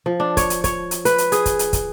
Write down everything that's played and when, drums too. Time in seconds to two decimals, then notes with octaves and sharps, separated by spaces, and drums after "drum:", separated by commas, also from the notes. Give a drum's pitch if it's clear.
0.06 F3
0.20 D4
0.37 C#5, drum: kick, hi-hat
0.50 drum: hi-hat
0.64 C#5, drum: kick, hi-hat
0.91 drum: hi-hat
1.05 B4, drum: hi-hat
1.18 drum: hi-hat
1.32 G#4, drum: hi-hat
1.46 drum: kick, hi-hat
1.59 drum: hi-hat
1.73 drum: kick, hi-hat